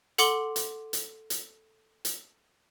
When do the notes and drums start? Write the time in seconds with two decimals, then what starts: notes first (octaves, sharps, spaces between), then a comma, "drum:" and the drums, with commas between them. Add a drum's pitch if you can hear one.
0.18 A4 F#5 C6 D6 F#7 G7, drum: hi-hat
0.56 drum: hi-hat
0.93 drum: hi-hat
1.30 drum: hi-hat
2.05 drum: hi-hat